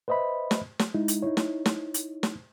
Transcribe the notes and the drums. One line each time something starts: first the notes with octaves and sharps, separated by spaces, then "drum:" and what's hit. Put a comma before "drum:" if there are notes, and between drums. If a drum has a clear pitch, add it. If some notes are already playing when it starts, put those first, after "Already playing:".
B4 C5 D#5 E5 B5
drum: snare
drum: snare
G#3 D#4 E4
drum: hi-hat
D#4 E4 C#5
drum: snare
drum: snare
drum: hi-hat
drum: snare